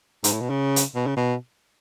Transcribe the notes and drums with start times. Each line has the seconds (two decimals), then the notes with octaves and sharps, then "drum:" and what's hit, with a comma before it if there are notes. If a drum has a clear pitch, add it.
0.24 G#2, drum: hi-hat
0.32 A2
0.41 B2
0.50 C#3
0.76 drum: hi-hat
0.95 B2
1.07 C#3
1.17 B2